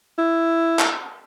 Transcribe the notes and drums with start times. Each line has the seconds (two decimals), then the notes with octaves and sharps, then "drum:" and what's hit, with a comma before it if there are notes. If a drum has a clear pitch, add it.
0.18 E4
0.79 drum: clap